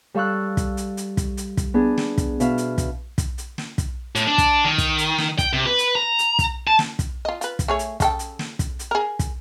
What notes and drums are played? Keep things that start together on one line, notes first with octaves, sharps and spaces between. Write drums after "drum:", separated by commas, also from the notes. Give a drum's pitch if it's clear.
G3 A4 F5 C#6 E6 F#6
drum: kick, hi-hat
drum: hi-hat
drum: hi-hat
drum: kick, hi-hat
drum: hi-hat
drum: kick, hi-hat
B3 D4 G#4
drum: snare
drum: kick, hi-hat
B2 E5 F5, drum: hi-hat
drum: hi-hat
drum: kick, hi-hat
drum: kick, hi-hat
drum: hi-hat
drum: snare
drum: kick, hi-hat
A2, drum: hi-hat
D4
drum: kick, hi-hat
D#3
drum: kick, hi-hat
drum: hi-hat
drum: snare
G5, drum: kick, hi-hat
C3
B4
drum: hi-hat
A#5
drum: hi-hat
drum: kick, hi-hat
A5
drum: snare
drum: kick, hi-hat
F4 D#5
F4 B4, drum: hi-hat
drum: kick, hi-hat
A3 G#4 C#5
drum: hi-hat
C#3 A4 G5, drum: kick, hi-hat
drum: hi-hat
drum: snare
drum: kick, hi-hat
drum: hi-hat
G#4 A#4
drum: kick, hi-hat